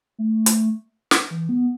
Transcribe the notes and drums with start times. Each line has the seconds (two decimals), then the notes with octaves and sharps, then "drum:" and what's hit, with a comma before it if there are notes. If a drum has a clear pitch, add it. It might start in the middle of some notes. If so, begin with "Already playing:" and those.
0.19 A3
0.46 drum: hi-hat
1.11 drum: snare
1.31 E3
1.49 B3